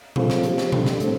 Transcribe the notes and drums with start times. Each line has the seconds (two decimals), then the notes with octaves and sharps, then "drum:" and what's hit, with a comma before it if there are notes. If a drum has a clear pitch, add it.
0.16 F3 A3 C4 A4, drum: tom A#2
0.30 drum: snare
0.43 F3 C4 G4, drum: hi-hat
0.58 drum: snare
0.72 G3 D4 A4, drum: tom A#2
0.86 drum: snare
1.00 A2 A3 C4, drum: hi-hat